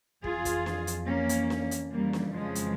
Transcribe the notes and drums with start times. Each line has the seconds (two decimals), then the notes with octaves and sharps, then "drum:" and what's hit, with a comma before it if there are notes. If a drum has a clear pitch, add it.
0.24 F2 E3 F4 G#4, drum: kick
0.45 drum: kick, hi-hat
0.66 drum: snare
0.87 drum: hi-hat
1.08 A#3 C#4
1.29 drum: hi-hat
1.50 drum: snare
1.71 drum: hi-hat
1.92 F2 C#3 E3 G3 A#3
2.13 drum: snare
2.34 F3 G#3
2.55 drum: hi-hat